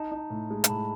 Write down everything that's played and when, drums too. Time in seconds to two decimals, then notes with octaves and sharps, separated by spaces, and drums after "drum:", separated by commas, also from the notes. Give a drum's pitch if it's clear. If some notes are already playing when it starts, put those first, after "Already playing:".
Already playing: D#4 A5
0.12 D#4
0.30 A2
0.51 G#3
0.64 A5, drum: hi-hat
0.69 A2 B5